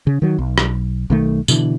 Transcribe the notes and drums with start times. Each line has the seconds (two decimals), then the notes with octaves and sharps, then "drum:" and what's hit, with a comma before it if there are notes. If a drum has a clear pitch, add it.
0.07 C#3
0.22 D#3 F#3
0.39 B1
0.58 drum: rim click
1.10 B1 D#3 A3
1.48 B2 D3 E3, drum: tambourine